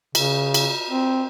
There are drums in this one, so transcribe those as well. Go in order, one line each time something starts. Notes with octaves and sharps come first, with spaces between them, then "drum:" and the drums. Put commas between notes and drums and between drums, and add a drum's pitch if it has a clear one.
C#3, drum: cymbal
drum: cymbal
C4